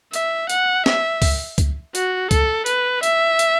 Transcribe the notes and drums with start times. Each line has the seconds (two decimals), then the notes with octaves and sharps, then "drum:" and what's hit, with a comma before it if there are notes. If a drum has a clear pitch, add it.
0.13 E5, drum: hi-hat
0.50 F#5, drum: hi-hat
0.86 E5, drum: snare
1.22 drum: kick C#2, open hi-hat
1.58 drum: kick C#2, hi-hat
1.95 F#4, drum: hi-hat
2.31 A4, drum: kick C#2, hi-hat
2.66 B4, drum: hi-hat
3.03 E5, drum: hi-hat
3.39 drum: hi-hat